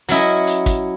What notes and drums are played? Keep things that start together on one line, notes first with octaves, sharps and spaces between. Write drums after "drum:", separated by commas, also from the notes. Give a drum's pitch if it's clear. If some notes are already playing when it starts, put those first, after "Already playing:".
F#3 C#4 E4 D#5, drum: hi-hat
drum: hi-hat
drum: kick, hi-hat